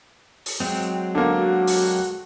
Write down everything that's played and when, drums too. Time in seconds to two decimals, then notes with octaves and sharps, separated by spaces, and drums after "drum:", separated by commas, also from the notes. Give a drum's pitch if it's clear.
0.46 drum: open hi-hat
0.60 F#3 G#3 C4 G5
1.15 D3 A#3 F#5
1.37 F#4
1.67 drum: open hi-hat